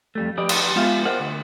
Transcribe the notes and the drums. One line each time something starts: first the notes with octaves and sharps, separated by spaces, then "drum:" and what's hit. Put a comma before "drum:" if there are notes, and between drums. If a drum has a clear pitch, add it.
F2 G3 A3
F3 G4 B4 D5 D#5
drum: cymbal
G#3 B3 F4 E5 F5
A#4 C5 D#5 F#5
D2